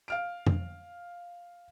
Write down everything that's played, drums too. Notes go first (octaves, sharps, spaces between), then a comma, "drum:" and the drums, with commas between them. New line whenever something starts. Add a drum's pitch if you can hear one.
F5 F6 D7
drum: tom F2